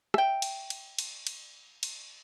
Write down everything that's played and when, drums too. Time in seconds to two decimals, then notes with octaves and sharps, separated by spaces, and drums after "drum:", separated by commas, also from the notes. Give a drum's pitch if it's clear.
0.14 E5 G5, drum: rim click
0.42 drum: cymbal
0.70 drum: cymbal
0.98 drum: cymbal
1.27 drum: cymbal
1.83 drum: cymbal